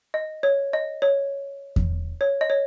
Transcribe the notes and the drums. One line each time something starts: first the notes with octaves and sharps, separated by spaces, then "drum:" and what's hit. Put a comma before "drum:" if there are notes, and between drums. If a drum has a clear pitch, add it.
D#5
C#5
D#5
C#5
drum: kick E2
C#5
D#5
C#5